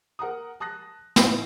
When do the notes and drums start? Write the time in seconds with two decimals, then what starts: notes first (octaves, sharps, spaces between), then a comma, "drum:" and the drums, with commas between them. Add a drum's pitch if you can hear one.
0.19 A#4 F#5 A#5 D#6
0.60 A5 D#6 F#6 A#6
1.16 A2 E3 D#4 B4 B6 C7, drum: snare